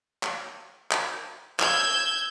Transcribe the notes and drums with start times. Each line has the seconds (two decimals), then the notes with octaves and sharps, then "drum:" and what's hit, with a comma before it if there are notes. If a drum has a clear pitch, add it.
0.23 drum: clap
0.91 drum: clap
1.60 E6 G6 G#6, drum: clap